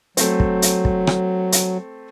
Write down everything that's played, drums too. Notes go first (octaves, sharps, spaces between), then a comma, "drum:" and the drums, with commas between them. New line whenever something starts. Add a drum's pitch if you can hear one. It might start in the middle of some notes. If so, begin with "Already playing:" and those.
F#3 A3 C4, drum: hi-hat
drum: kick
drum: hi-hat
drum: kick
drum: rim click
drum: hi-hat